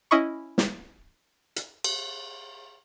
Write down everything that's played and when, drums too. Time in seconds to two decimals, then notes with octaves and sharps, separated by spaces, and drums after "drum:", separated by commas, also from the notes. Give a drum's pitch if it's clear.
0.11 C#4 E4 D#5 B5 C#6
0.58 drum: snare
1.56 drum: hi-hat
1.84 drum: cymbal